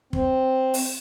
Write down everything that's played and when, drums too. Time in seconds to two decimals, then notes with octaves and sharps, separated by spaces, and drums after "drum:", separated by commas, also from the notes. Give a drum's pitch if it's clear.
0.13 C4, drum: kick
0.74 drum: open hi-hat